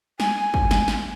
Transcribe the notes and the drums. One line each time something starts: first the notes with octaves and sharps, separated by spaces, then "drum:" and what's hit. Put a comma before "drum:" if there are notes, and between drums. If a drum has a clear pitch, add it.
G#5, drum: snare
drum: kick
drum: snare
drum: snare